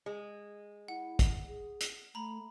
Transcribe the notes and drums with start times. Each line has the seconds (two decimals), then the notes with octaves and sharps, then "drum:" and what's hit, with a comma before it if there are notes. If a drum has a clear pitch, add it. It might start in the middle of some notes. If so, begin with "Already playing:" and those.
0.06 G#3
0.88 E4 F#5
1.19 drum: kick, hi-hat
1.48 G#4
1.81 drum: hi-hat
2.15 A3 A#5 B5